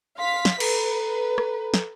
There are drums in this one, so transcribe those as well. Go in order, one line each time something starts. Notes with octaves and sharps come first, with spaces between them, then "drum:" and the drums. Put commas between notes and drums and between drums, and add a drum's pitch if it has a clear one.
F5 C6 B6
drum: snare
A4 B4 A#5, drum: cymbal
drum: rim click
drum: snare